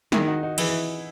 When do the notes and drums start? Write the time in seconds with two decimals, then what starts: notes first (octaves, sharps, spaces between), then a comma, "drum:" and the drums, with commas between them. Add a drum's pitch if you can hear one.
0.12 D#3 E4 G#4, drum: snare
0.28 D#4 F#4
0.43 D#4 F#4
0.58 E3 E4 G#4, drum: cymbal